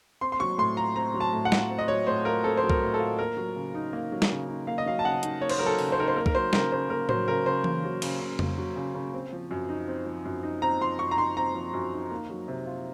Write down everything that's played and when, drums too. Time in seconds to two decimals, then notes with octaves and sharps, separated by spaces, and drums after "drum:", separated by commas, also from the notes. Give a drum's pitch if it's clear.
0.21 C4 C6
0.32 C6
0.40 F#3 C#6
0.58 A2 C6
0.77 F4 A#5
0.96 C4 A#5
1.14 F#3
1.21 A5
1.33 A2
1.45 F#5
1.52 F4, drum: snare
1.70 C4
1.78 D#5
1.88 F#3 C#5
2.07 A2 C5
2.25 F4 A#4
2.44 C4 A4
2.57 C5
2.63 F#3
2.70 A#4, drum: kick C2
2.82 A2
2.94 A4
3.00 F4
3.19 A#3 A#4
3.37 F#3
3.56 C#3
3.75 D#4
3.93 A#3
4.12 F#3
4.22 drum: snare
4.31 C#3
4.48 D#4
4.67 A#3 F5
4.78 D#5
4.86 F#3 F5
4.99 A5
5.04 C#3 F#5
5.23 D#4, drum: hi-hat
5.41 A#3 C#5
5.49 C5, drum: cymbal
5.59 F#3 A#4
5.66 A4
5.79 C#3, drum: open hi-hat
5.92 C5
5.98 D#4 A#4
6.08 C5
6.16 A#3 A#4
6.26 A#4, drum: kick C2
6.34 F#3 C5
6.53 C#3 A#4, drum: snare
6.72 C#3 C5
6.90 A#3 A#4
7.09 F#3 C5, drum: tom A2
7.28 C#3 A#4
7.46 C#3 C5
7.64 A#3, drum: tom E3
7.84 F#3
8.02 C#3, drum: cymbal
8.21 C#3
8.39 A#3, drum: tom F2
8.58 F#3
8.76 C#3
8.94 C#3
9.14 C4
9.33 F3
9.51 F#2
9.69 D#4
9.88 C4
10.06 F3
10.25 F#2
10.43 D#4
10.62 C4 A#5
10.80 F3 C6
10.99 F#2 C#6
11.11 A#5
11.18 D#4 C6
11.37 C4 A#5
11.55 F3
11.74 F#2
11.93 D#4
12.11 A#3
12.30 F#3
12.48 C3
12.67 F4